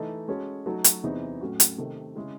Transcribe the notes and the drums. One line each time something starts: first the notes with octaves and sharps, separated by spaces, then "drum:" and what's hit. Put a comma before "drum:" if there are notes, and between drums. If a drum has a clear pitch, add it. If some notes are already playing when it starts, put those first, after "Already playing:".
Already playing: E3 A3 D#4 A4 D#5
G#3 C#4 F#4 A4 C#5
F#3 A3 D#4 F#4 A4
drum: hi-hat
E2 C3 E3 C4 D#4
A2 F#3 C#4 F#4
drum: hi-hat
C3 D#3 A3 C4
C#3 G#3 C#4 E4